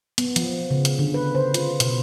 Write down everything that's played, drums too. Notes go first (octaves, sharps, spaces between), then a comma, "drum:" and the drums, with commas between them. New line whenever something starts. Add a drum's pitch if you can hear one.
B3, drum: hi-hat
F3, drum: hi-hat
C#3
drum: hi-hat
D3
B4
C5
F4, drum: hi-hat
B2, drum: hi-hat